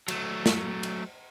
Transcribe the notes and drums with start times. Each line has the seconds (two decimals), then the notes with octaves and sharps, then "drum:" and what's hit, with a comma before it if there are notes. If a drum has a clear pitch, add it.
0.08 F#3 A3, drum: cymbal
0.46 drum: snare
0.83 drum: cymbal